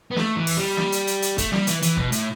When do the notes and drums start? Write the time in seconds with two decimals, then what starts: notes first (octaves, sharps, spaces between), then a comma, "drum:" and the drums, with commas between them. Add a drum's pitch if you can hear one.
0.11 B3
0.16 A3, drum: snare
0.36 E3
0.47 drum: open hi-hat
0.57 G3
0.77 drum: snare
0.92 drum: hi-hat
1.07 drum: hi-hat
1.22 drum: hi-hat
1.38 A3, drum: kick, hi-hat
1.53 G3, drum: snare
1.67 E3, drum: hi-hat
1.82 E3, drum: hi-hat
1.97 B2, drum: kick
2.12 A2, drum: hi-hat